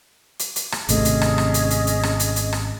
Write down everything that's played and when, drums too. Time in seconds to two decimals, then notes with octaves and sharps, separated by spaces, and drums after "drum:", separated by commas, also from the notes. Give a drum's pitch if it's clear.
0.40 drum: hi-hat
0.56 drum: hi-hat
0.72 drum: rim click
0.89 G#1 C3 A3 C#4 G#4 D#5, drum: hi-hat
1.05 drum: hi-hat
1.21 drum: rim click
1.38 drum: rim click
1.54 drum: hi-hat
1.71 drum: hi-hat
1.87 drum: hi-hat
2.03 drum: rim click
2.20 drum: hi-hat
2.36 drum: hi-hat
2.53 drum: rim click